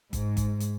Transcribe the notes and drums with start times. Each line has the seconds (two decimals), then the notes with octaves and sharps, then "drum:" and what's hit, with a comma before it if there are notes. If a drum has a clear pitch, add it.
0.13 G#2, drum: kick G1, hi-hat
0.37 drum: kick G1, hi-hat
0.60 drum: hi-hat